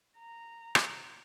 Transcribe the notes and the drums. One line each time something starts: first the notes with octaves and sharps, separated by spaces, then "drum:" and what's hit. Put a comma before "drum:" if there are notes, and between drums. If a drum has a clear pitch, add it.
A#5
drum: rim click